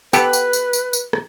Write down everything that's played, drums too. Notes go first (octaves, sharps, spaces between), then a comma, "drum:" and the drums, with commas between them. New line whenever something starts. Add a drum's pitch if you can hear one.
B3 G4 A4 B4, drum: tambourine
drum: tambourine
drum: tambourine
drum: tambourine
drum: tambourine
drum: rim click